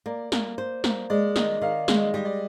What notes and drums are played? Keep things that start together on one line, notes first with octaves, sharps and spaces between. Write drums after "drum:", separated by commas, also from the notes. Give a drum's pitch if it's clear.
A#3 D5
A#3, drum: snare
C5
A#3, drum: snare
G#3 D5
D#3 D#5, drum: snare
D#3 F5
G#3, drum: snare
G3 D#5
D5